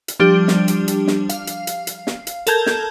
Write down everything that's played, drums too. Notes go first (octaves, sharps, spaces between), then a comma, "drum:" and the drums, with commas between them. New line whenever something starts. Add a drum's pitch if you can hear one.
drum: hi-hat
F3 G3 D4 G4
drum: snare
drum: hi-hat
drum: hi-hat
drum: snare
F5, drum: hi-hat
drum: hi-hat
drum: hi-hat
drum: hi-hat
drum: snare
drum: hi-hat
A4 A#4 A5 G6 G#6, drum: hi-hat
drum: snare